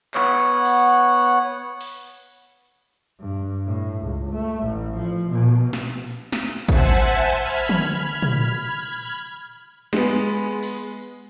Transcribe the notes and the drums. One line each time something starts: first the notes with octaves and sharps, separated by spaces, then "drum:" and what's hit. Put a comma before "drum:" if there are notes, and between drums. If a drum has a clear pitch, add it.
B3 C#5 F#5, drum: clap
drum: open hi-hat
drum: open hi-hat
G2
A2
C#2
A3
A1
F3
B2
drum: snare
drum: snare
C5 E5 F#5 G#5 A5, drum: kick A1
B5 F6 G#6
drum: tom
drum: tom
G#3 B3, drum: snare
drum: open hi-hat